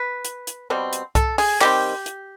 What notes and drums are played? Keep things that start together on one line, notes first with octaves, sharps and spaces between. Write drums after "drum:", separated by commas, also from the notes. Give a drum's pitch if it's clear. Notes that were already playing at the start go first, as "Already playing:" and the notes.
Already playing: B4
drum: hi-hat
drum: hi-hat
B2 G3 C4
drum: hi-hat
A4, drum: kick C2, hi-hat
G#4, drum: open hi-hat
D#3 G3 C4 G4, drum: clap
drum: hi-hat